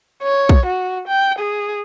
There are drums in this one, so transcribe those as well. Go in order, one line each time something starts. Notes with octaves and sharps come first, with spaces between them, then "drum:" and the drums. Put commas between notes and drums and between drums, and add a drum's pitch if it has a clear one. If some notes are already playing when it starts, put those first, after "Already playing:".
C#5
drum: kick
F#4
G5
G#4